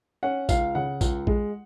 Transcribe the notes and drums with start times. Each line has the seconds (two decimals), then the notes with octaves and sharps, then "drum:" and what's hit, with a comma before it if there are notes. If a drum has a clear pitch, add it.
0.23 C#4 F#5
0.49 C#2 F5, drum: kick A#1, tambourine
0.75 C#3 F#5
1.01 C#2, drum: kick A#1, tambourine
1.27 G#3, drum: kick A#1